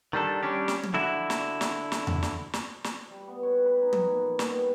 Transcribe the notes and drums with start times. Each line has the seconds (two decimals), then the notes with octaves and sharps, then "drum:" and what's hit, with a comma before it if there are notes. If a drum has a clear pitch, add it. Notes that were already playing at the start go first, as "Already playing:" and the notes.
0.13 D#3 G3 D4 A4
0.43 G3 C#4 D4 G4
0.68 drum: snare
0.83 drum: tom
0.94 D3 E4 F#4
1.30 drum: snare
1.61 drum: snare
1.92 drum: snare
2.07 drum: tom E2
2.23 drum: snare
2.53 drum: snare
2.84 drum: snare
3.10 G3
3.28 B3
3.43 C#5
3.66 B4
3.82 D#4
3.93 drum: tom
4.11 A#2
4.39 B3, drum: snare
4.53 G3